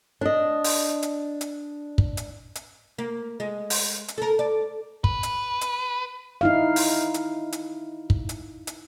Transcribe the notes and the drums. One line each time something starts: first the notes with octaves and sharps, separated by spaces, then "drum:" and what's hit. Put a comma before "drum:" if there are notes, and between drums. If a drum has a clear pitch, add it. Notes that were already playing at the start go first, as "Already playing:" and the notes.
D4 D#5
drum: open hi-hat
drum: hi-hat
drum: hi-hat
drum: kick
drum: hi-hat
drum: hi-hat
A#3
G#3
drum: open hi-hat
drum: hi-hat
A4 A#4
D5
B4, drum: kick
drum: hi-hat
drum: hi-hat
D#4 E4 F5
drum: open hi-hat
drum: hi-hat
drum: hi-hat
drum: kick
drum: hi-hat
drum: hi-hat